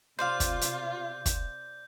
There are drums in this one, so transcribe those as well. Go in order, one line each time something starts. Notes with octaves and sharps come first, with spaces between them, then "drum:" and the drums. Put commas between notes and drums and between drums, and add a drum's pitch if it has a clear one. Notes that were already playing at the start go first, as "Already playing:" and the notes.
C3 F4 C5 D5 F5 G6
drum: kick, hi-hat
drum: hi-hat
drum: kick, hi-hat